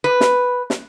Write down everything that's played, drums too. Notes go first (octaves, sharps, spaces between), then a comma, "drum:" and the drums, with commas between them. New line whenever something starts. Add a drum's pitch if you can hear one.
B4
drum: snare
drum: snare